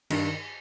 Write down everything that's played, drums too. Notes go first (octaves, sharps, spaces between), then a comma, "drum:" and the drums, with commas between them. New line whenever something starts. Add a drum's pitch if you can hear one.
G2 D#3, drum: cymbal